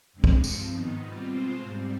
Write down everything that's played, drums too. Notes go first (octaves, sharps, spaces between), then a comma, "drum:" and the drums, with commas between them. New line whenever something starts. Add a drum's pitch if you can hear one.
F2 D3 G#3 C4
drum: kick
G2 F3 C4, drum: tambourine
G#2 D#3 B3 D#4
B2 G3 C4 F4
B2 G#3 C4 F4 C5
G#2 G3 C4